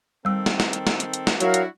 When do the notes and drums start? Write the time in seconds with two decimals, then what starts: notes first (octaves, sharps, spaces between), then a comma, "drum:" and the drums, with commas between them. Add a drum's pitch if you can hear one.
0.25 D#3 G3 C4 A4 E6
0.46 drum: snare
0.60 drum: snare
0.73 drum: hi-hat
0.87 drum: snare
1.00 drum: hi-hat
1.14 drum: hi-hat
1.27 drum: snare
1.40 F#3 D4 E4 F#4 A#4 F5 F#5, drum: hi-hat
1.54 drum: hi-hat